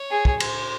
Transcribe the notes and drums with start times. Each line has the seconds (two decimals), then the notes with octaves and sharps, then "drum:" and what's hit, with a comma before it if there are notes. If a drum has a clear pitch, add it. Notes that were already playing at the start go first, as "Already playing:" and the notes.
Already playing: C#5
0.11 G#4
0.25 drum: kick
0.40 C5, drum: cymbal